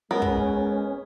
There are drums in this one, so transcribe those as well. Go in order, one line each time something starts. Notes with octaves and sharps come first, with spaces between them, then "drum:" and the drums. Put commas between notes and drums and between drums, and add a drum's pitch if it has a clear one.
G#3 B3 C#4 A#4
drum: kick